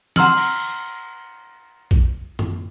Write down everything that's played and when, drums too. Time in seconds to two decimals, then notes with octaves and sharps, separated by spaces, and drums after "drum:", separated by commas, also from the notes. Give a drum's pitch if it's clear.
0.16 F#5 A#5 C6 E6 F6 F#7, drum: snare
0.37 drum: cymbal
1.91 drum: kick
2.39 drum: tom F#2